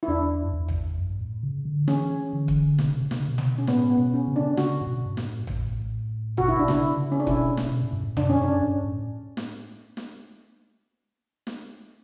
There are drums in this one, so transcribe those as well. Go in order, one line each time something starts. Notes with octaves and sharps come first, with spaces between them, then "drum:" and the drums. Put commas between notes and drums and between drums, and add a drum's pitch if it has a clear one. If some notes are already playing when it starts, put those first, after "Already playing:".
E4
E2 D4
F#2
E2
drum: tom A1
F#2
G2
A2
C#3
D3
E3 C#4, drum: snare
D3
drum: kick
B2, drum: snare
C#3
B2
C#3
B2, drum: snare
C#3
B2
drum: tom
C#4
A2 B3, drum: snare
B3
B2
C#4
C#3
D4
C#3 F#4, drum: snare
A2
B2
G2
A2, drum: snare
A2, drum: tom A1
B2 F#4, drum: tom A1
E4
D4
C#3 E4, drum: snare
C#3
C#4
D4
B2 E4, drum: kick
drum: snare
B2
A2
G2
A2
F#2 D4, drum: tom
C#4
F#2 D4
G2
A2
drum: snare
drum: snare
drum: snare